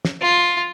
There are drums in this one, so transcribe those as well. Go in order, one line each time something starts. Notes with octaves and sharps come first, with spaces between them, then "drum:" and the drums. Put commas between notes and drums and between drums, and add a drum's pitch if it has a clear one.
drum: snare
F4